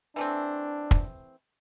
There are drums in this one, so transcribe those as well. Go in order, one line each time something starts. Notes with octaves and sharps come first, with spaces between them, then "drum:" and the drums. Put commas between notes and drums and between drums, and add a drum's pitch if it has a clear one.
E3 A3 C4 D4
drum: kick